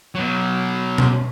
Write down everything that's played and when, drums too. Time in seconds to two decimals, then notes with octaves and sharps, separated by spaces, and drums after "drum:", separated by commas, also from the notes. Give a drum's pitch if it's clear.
0.15 B2 F#3
0.98 drum: tom B2